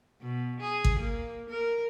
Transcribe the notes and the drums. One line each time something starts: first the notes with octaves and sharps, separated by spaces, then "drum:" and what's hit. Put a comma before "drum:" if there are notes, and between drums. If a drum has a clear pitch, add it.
B2
G#4
drum: kick
A#3
A#4